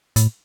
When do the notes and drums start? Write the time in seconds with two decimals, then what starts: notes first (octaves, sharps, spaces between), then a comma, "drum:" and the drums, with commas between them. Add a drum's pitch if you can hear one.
0.16 A2, drum: hi-hat